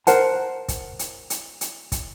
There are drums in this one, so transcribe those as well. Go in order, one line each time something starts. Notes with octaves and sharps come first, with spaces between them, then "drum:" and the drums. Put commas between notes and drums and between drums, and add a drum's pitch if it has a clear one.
A#4 C5 F#5 A5, drum: hi-hat
drum: kick, hi-hat
drum: hi-hat
drum: hi-hat
drum: hi-hat
drum: kick, hi-hat